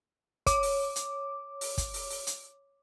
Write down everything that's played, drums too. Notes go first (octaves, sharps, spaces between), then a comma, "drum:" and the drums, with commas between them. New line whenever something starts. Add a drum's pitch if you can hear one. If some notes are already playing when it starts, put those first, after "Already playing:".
C#5 D6, drum: kick, hi-hat
drum: open hi-hat
drum: hi-hat
drum: open hi-hat
drum: kick, hi-hat
drum: open hi-hat
drum: open hi-hat
drum: hi-hat